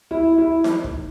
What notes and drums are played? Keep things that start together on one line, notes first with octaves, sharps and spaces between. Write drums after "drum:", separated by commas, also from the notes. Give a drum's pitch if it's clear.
E4
E4
drum: snare D#4
drum: kick